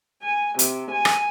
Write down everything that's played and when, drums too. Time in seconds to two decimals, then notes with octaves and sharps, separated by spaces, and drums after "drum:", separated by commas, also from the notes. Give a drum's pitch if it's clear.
0.24 G#5
0.59 C3, drum: hi-hat
0.92 G#5
1.05 drum: rim click